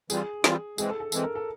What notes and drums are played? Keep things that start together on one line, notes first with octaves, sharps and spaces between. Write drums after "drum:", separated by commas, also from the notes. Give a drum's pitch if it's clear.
E3 G3 C4 F4 G#4, drum: tambourine
E3 G3 C4 F4, drum: snare
E3 G#3 C4 G#4, drum: tambourine
A4
A4
E3 G#3 C4 A4, drum: tambourine
A#4
A4